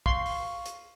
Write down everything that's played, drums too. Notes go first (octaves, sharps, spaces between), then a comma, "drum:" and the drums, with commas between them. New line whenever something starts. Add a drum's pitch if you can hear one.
F5 C6 C#6, drum: kick
drum: open hi-hat
drum: hi-hat